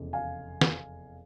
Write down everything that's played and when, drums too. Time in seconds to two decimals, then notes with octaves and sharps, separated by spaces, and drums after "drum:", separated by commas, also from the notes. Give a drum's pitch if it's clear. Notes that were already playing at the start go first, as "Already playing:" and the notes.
Already playing: F1 E2 C#3
0.13 F5 G#5
0.61 drum: snare